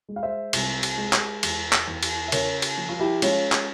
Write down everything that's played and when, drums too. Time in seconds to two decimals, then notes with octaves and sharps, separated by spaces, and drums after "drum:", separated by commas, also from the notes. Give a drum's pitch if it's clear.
0.09 G#3
0.16 F5
0.23 C5 E5
0.53 C2, drum: cymbal
0.83 drum: cymbal
0.97 G#3
1.13 drum: clap
1.43 E2, drum: cymbal
1.73 drum: clap
1.87 E2
2.03 drum: cymbal
2.28 E5
2.32 C#3 A#4 C#5, drum: cymbal
2.62 drum: cymbal
2.78 F3
2.89 F4
3.00 E4 G4
3.22 G#3 C#4 F4, drum: cymbal
3.52 drum: clap